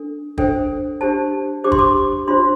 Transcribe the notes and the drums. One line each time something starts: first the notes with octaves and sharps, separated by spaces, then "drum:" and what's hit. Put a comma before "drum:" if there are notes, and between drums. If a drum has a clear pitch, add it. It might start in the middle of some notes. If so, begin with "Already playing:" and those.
Already playing: D4 A4
D4 A4 C5 G5, drum: kick
D4 G4 C5 A5
D4 G4 C5 D6
C6, drum: kick
D6
D4 F4 C5 C6